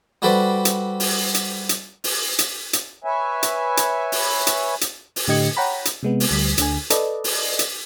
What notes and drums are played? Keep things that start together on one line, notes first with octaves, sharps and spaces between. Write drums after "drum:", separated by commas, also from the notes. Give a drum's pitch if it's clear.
G3 F#4 A4 B4 C5 D5
drum: hi-hat
drum: open hi-hat
drum: hi-hat
drum: hi-hat
drum: open hi-hat
drum: hi-hat
drum: hi-hat
B4 C#5 E5 G#5
drum: hi-hat
drum: hi-hat
drum: open hi-hat
drum: hi-hat
drum: hi-hat
drum: open hi-hat
A2 D3 G4 D#5 G#6 C#7
C#5 F#5 G5 A#5 B5
drum: hi-hat
C3 G#3 B3
drum: open hi-hat
D2 G3 B6
D2 D3 G#5, drum: hi-hat
A4 B4 D5 D#5, drum: hi-hat
drum: open hi-hat
drum: hi-hat